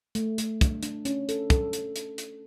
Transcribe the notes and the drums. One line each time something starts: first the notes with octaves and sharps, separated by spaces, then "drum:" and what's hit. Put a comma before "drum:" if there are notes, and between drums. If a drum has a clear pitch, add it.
A3, drum: hi-hat
A3, drum: hi-hat
D4, drum: kick, hi-hat
D4, drum: hi-hat
C#4, drum: hi-hat
A4, drum: hi-hat
A4, drum: kick, hi-hat
drum: hi-hat
drum: hi-hat
drum: hi-hat